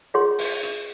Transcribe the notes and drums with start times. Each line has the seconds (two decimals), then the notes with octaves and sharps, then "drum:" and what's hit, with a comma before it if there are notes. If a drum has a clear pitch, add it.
0.14 F4 G#4 C#5 F#5 C6
0.39 drum: open hi-hat
0.63 drum: hi-hat